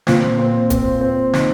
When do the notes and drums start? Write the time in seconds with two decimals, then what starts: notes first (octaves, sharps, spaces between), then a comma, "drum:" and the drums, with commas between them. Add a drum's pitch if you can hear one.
0.07 A#2 C4, drum: snare
0.39 C4
0.70 C4, drum: kick E1, hi-hat
1.01 C4
1.33 D#4, drum: snare